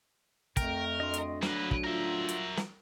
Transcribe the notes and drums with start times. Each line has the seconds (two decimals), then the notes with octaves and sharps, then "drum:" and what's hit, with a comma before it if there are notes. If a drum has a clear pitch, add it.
0.57 F2 A3 A#4 G5, drum: kick, hi-hat
1.00 D2 D#5 C6
1.14 drum: hi-hat
1.42 D2 F#3 A#3 B4, drum: snare
1.71 drum: kick
1.84 F4 A#4 E5
2.29 drum: hi-hat
2.57 drum: snare